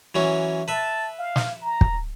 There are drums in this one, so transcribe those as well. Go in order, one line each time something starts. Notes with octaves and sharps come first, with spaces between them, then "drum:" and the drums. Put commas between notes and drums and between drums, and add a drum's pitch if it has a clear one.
E3 F#3 C#4
B4 E5 A5
F5
drum: snare
A#5
drum: kick